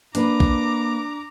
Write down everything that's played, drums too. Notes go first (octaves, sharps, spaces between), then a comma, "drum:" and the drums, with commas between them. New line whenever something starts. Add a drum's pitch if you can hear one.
A#3 D4 B4 A#5 D6, drum: hi-hat
drum: kick